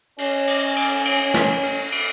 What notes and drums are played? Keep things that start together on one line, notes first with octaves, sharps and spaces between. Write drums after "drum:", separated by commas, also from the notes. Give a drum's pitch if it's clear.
C#4, drum: cymbal
drum: cymbal
drum: cymbal
drum: cymbal
drum: snare
drum: cymbal
drum: cymbal